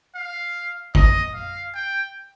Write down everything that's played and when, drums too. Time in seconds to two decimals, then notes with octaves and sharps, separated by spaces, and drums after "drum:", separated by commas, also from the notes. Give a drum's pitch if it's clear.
0.15 F5
0.95 D#5, drum: kick
1.34 F5
1.74 G5